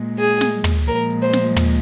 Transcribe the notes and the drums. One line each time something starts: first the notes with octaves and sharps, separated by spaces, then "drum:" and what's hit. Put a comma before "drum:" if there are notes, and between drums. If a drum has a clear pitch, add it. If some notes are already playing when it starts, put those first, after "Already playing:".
Already playing: A#2 G#3
G#4, drum: hi-hat
drum: snare
drum: tom
A#2 F3 G#3 A#4
drum: hi-hat
C5
drum: snare
drum: tom